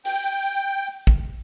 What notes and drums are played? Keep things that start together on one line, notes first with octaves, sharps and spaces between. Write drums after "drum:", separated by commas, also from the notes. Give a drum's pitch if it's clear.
G5, drum: open hi-hat
drum: kick